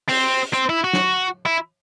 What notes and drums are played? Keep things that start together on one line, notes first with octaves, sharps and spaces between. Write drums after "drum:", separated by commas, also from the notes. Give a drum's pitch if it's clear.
C4, drum: open hi-hat
C4, drum: hi-hat
E4
F#4
drum: snare
E4